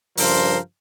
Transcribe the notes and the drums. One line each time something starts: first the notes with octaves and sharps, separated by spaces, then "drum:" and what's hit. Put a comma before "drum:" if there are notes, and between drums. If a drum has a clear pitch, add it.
G2 C#3 F3 A#4 C5, drum: open hi-hat